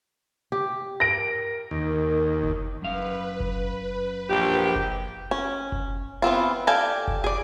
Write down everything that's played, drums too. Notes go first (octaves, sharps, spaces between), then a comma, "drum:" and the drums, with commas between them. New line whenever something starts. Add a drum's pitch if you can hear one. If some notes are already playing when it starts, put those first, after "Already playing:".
G4
A#4 A#6 D7
D#2
drum: kick F#1
F#2 B4 F5
drum: kick F#1
A#1 G4
drum: kick F#1
C#4
drum: kick F#1
E3 B3 C4 F4
G4 A4 D5 F5 G#5
drum: kick F#1
G#4 D5